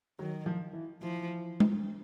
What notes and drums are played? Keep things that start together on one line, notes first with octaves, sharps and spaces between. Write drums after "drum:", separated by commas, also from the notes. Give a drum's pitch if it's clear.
D#3 F#3
F3
E3
E3 F3
drum: tom G#3